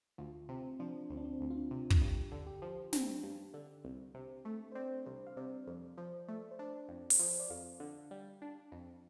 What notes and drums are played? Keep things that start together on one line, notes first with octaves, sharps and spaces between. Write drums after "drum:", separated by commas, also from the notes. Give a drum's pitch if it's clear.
D2 F4
C3 C4
F3 D4
D2 C4
D4
C4
D2
F4
D4
C3
drum: kick
G2 G4
D3
G4
F3
C4 D4, drum: snare
G2
D3
C2
C3
A3
C5
C4 D5
C2 C5
F5
C3 D5
F2
F3
A3
C5
D4 D5
F2
drum: open hi-hat
F3
D5
F2 F5
D3
G3
D4
F2